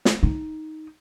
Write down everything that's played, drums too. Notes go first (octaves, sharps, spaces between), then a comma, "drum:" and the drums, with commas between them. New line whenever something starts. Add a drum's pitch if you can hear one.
drum: snare
D#4